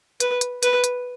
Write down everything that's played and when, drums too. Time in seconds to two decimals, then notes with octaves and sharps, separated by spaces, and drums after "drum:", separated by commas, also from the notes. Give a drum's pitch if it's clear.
0.20 B4, drum: hi-hat
0.41 drum: hi-hat
0.63 B4, drum: hi-hat
0.84 drum: hi-hat